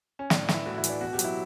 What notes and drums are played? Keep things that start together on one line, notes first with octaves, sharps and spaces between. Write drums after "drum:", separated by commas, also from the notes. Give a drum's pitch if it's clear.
C#4
A2 D4, drum: snare
D4
E3, drum: snare
E4
A2 F#4
E4
E3, drum: hi-hat
D4
B2 F#4
G4
F#3, drum: hi-hat
E4